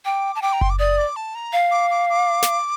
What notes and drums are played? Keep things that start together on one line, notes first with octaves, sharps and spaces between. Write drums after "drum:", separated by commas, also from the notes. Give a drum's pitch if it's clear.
G5 D6
A5
G5 D6
A#5
C6, drum: kick F#1
D6
D5 D#6
D6
A5
A#5
F5
D6
D6
D6
drum: snare